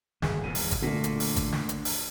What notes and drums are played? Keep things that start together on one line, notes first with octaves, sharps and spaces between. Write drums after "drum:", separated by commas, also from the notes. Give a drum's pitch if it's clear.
D1 G#1 G2 G#4, drum: snare
D#1 E2 A#2 D#7
drum: open hi-hat
drum: kick G#1, hi-hat
A#2 D3 A3
drum: hi-hat
drum: open hi-hat
drum: kick G#1, hi-hat
drum: snare
drum: hi-hat
drum: open hi-hat